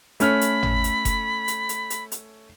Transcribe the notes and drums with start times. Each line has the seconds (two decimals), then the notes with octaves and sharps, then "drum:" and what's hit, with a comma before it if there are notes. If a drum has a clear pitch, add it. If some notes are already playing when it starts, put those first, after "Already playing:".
0.20 A3 C#4 B5 F6, drum: hi-hat
0.41 drum: hi-hat
0.63 drum: tom G#1
0.84 drum: hi-hat
1.05 drum: kick F#1, hi-hat
1.48 drum: hi-hat
1.69 drum: hi-hat
1.90 drum: hi-hat
2.12 drum: hi-hat